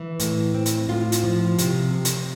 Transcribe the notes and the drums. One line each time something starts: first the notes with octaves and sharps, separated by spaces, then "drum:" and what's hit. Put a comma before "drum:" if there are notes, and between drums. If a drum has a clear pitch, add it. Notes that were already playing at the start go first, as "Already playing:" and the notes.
Already playing: E3 E4
A2, drum: hi-hat
C4
drum: hi-hat
A2 F4
drum: hi-hat
F3
C3, drum: hi-hat
C3
drum: hi-hat